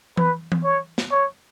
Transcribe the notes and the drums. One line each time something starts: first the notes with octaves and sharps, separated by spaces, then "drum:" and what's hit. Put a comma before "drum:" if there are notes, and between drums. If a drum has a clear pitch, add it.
B4, drum: tom E3
drum: tom E3
C#5
drum: snare
C#5